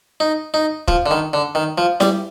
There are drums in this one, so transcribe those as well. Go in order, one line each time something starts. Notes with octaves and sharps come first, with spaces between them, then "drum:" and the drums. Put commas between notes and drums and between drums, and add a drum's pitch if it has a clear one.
D#4
D#4
F3, drum: kick
D3
D#3
D3
D#3
F3
G3, drum: snare E4